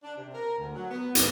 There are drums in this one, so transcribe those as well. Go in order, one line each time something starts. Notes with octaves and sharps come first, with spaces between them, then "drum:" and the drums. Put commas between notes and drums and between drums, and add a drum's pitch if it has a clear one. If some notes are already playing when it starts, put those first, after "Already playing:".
D4
C3
A#4
D2
F#3
B3
B3, drum: hi-hat